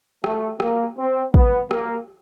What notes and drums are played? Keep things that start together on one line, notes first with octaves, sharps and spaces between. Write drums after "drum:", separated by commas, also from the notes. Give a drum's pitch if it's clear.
A3, drum: rim click
A#3, drum: rim click
C4
B3, drum: kick
A#3, drum: rim click